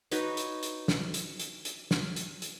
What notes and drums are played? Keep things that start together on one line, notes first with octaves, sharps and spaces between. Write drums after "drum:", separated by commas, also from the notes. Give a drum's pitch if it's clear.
D#4 F#4 B4 C#5, drum: hi-hat
drum: hi-hat
drum: hi-hat
drum: snare
drum: hi-hat
drum: hi-hat
drum: hi-hat
drum: snare
drum: hi-hat
drum: hi-hat